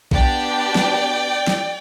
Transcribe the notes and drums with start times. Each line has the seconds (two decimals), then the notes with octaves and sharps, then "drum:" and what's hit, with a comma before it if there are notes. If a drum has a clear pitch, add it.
0.11 B3 D4 G4 D5 G5, drum: kick A#1
0.75 drum: snare
1.47 drum: snare